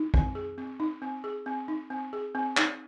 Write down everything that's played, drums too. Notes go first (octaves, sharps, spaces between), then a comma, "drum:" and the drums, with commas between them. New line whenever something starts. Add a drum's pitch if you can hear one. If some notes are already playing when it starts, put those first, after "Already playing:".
Already playing: D#4
C4, drum: kick
G#4
C4
D#4
C4
G#4
C4
D#4
C4
G#4
C4
D#4, drum: clap